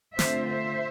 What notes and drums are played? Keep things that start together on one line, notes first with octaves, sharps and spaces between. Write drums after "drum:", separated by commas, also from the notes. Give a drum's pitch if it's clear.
D3 A3 C4 F4 C5 E5, drum: snare
C5 E5